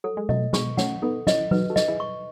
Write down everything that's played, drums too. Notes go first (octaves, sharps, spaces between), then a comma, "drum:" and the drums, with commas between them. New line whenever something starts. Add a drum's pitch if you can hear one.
F#3 A4
G#3
F#3 A3 D#5, drum: tom B2
G#3 B3 C#6, drum: snare
A3 C#4 F#5, drum: snare
B3 D#4 A4
C#4 E4 D#5, drum: snare
D#4 F#4 B4, drum: tom F#3
F#4 A4
D#5, drum: snare
E4 G#4
C#6